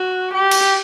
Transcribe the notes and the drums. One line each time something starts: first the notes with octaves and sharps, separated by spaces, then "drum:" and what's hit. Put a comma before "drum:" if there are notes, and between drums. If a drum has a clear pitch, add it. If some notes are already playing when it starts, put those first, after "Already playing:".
Already playing: F#4
G4
drum: cymbal